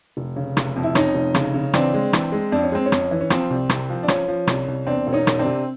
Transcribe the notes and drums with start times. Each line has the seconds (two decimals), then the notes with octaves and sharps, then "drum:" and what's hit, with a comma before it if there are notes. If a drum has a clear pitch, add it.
0.17 F1
0.36 C#3
0.57 F1, drum: rim click
0.76 F2
0.83 E4
0.95 F2 C#4 D#4, drum: rim click
1.15 F1
1.34 C#3, drum: rim click
1.54 C#3
1.73 E3 C4 D4, drum: rim click
1.94 G#3
2.13 E3, drum: rim click
2.32 G#3
2.52 F2 D4
2.63 C#4
2.72 G#3 C4
2.86 C#4
2.92 F2, drum: rim click
3.11 E3
3.21 C#4
3.30 F3 C4, drum: rim click
3.50 C2
3.69 C2, drum: rim click
3.90 F3
4.03 D4
4.08 F3 C#4, drum: rim click
4.28 F3
4.47 C2, drum: rim click
4.68 C2
4.87 E2 C4 D4
5.07 E1
5.13 C#4 D#4
5.27 E1, drum: rim click
5.39 C4 D4
5.45 C3